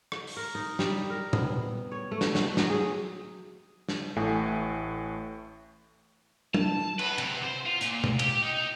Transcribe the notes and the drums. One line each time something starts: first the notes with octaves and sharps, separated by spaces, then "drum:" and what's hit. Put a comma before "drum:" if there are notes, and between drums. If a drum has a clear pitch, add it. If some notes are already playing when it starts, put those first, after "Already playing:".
drum: rim click
drum: open hi-hat
A#4
D#4
G3, drum: snare
A#4
B3, drum: tom
C#5
A3
drum: snare
F#5, drum: snare
F#3, drum: snare
G#4
drum: snare
A1 A2 A3 G#5
A5, drum: tom
B4, drum: cymbal
C3, drum: cymbal
C5
F4
A#2, drum: hi-hat
drum: tom B2
G4, drum: cymbal
D#4